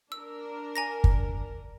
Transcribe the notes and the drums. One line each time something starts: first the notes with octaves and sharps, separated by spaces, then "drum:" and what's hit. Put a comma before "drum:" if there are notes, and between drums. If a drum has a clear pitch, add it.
D4 A#4 E6
G#5 A#5 A#6
drum: kick